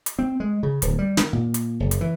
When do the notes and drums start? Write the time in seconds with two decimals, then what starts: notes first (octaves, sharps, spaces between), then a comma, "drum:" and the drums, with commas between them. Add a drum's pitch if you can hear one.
0.06 drum: hi-hat
0.19 C4
0.40 G#3
0.63 C#3
0.82 D1, drum: hi-hat
0.99 G3
1.17 D#3, drum: snare
1.33 A#2
1.54 drum: hi-hat
1.80 F#1
1.91 drum: hi-hat
2.01 E3